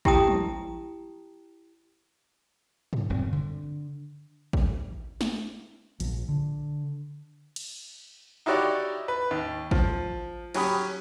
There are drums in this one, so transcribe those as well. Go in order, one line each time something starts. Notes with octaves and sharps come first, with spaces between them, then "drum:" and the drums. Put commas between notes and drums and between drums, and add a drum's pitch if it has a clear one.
E4 G4 G5 A5 A#5 D#6, drum: kick A1
drum: tom
drum: tom
E1 G2 B2 C4
D3
drum: kick A1
drum: snare
A#1, drum: hi-hat
D3
drum: cymbal
D#4 E4 F#4 G4 C#5 D5
B4
D#2
F3, drum: kick A1
F#3 C#4 G4 B5 D#6, drum: cymbal